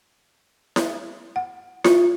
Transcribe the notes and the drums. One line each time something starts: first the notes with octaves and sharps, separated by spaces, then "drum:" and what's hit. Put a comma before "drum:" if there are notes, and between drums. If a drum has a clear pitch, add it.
drum: snare E4
F#5
F4, drum: snare E4